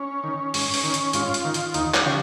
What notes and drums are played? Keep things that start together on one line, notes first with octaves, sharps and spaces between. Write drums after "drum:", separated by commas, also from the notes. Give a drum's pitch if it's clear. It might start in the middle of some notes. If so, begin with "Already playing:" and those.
Already playing: C#4
D#3
G#2, drum: open hi-hat
drum: open hi-hat
D#3
drum: hi-hat
G#2 F4, drum: hi-hat
drum: hi-hat
D#3
drum: hi-hat
D#2 D#4, drum: hi-hat
G4, drum: clap
C#3 F3